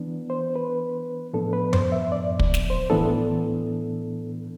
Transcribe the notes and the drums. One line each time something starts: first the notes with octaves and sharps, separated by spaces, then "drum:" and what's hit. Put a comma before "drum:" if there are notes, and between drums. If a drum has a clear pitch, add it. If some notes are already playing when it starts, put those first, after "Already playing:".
Already playing: E3 B3 D4
C5
B4
A2 F3 B3 D4 A4
B4
C5, drum: tom F#2
E5
D5
drum: kick
drum: snare
C5
A2 E3 B3 D4 A4